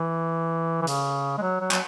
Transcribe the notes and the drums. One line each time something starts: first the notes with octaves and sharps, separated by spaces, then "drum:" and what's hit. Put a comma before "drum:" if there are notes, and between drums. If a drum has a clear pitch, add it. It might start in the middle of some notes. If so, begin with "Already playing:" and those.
Already playing: E3
E3
C#3, drum: hi-hat
G#3
F#3
F#3
F#3, drum: clap